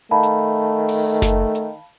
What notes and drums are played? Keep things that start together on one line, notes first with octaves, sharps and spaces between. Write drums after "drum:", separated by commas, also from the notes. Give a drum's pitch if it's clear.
D#3 A3 F5 A5 B5
drum: hi-hat
drum: open hi-hat
drum: snare F#1
drum: hi-hat